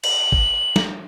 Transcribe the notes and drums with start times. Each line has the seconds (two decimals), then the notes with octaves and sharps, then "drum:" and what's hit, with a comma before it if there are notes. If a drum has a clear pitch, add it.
0.04 F#7, drum: cymbal
0.32 drum: kick
0.76 drum: snare